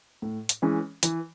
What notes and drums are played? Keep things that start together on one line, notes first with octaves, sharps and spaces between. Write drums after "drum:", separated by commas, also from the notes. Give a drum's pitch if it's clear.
A2
drum: hi-hat
E3 G#3 C#4
E3, drum: hi-hat